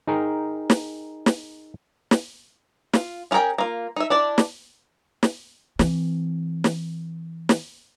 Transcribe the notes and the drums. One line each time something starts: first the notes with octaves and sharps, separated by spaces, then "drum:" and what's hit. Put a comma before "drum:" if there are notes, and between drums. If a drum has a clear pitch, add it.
D#4 G#4 A#4 G5
drum: snare
drum: snare
drum: snare
F4, drum: snare
C#4 F4 G#4 A#4 G5
A#3 F4
D#4 E5
D4 E4 D5
drum: snare
drum: snare
E3 C4, drum: snare
drum: snare
drum: snare